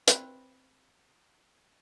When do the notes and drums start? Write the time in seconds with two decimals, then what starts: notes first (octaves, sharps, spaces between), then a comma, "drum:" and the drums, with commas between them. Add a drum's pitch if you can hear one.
0.07 C4 B4, drum: hi-hat